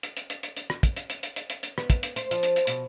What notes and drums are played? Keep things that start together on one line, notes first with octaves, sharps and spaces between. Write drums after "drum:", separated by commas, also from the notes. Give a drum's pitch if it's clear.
drum: hi-hat
drum: hi-hat
drum: hi-hat
drum: hi-hat
drum: hi-hat
drum: rim click
drum: kick, hi-hat
drum: hi-hat
drum: hi-hat
drum: hi-hat
drum: hi-hat
drum: hi-hat
drum: hi-hat
B3, drum: rim click
drum: kick, hi-hat
drum: hi-hat
C5, drum: hi-hat
F3, drum: hi-hat
drum: hi-hat
drum: hi-hat
B2, drum: hi-hat